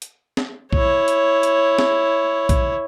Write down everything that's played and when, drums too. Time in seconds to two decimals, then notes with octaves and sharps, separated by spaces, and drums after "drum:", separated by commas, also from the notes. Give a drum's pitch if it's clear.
0.02 drum: hi-hat
0.37 drum: snare
0.73 E4 C#5, drum: kick A#1
1.08 drum: hi-hat
1.43 drum: hi-hat
1.79 drum: snare
2.49 drum: kick A#1, hi-hat